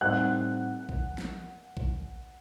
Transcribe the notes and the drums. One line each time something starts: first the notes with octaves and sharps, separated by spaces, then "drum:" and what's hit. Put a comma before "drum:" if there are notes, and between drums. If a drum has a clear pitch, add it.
A2 G3 C4 D#4 F#5 F#6
drum: kick A#1
drum: snare
drum: kick A#1